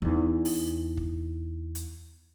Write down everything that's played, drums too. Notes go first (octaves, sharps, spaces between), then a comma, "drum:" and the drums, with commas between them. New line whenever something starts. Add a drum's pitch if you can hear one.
E2 D#4
drum: open hi-hat
drum: kick
drum: hi-hat